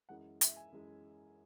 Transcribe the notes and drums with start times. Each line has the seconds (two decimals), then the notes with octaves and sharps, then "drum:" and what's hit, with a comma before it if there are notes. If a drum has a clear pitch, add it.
0.09 F#2 E3 G#3 F#5
0.41 E5, drum: hi-hat
0.56 G#5
0.72 F#2 E3 G#3